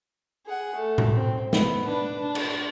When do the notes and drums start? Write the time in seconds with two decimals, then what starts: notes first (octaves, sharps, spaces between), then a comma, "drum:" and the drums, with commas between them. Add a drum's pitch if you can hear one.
0.46 G#4 F#5
0.76 A3
0.98 drum: tom A2
1.16 C4
1.53 B3, drum: snare
1.86 D4 B4
2.22 D4
2.35 drum: cymbal